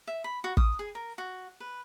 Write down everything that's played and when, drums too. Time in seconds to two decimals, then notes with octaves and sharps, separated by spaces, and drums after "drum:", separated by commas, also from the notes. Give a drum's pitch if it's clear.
0.07 E5
0.24 B5
0.44 F#4
0.57 D#6, drum: kick
0.79 G#4
0.95 A#4
1.18 F#4
1.60 B4